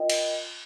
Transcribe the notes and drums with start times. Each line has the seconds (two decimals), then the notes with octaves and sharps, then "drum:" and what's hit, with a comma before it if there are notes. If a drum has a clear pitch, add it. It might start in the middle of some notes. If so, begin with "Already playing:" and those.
Already playing: F4 A#4 D#5 G5
0.10 drum: cymbal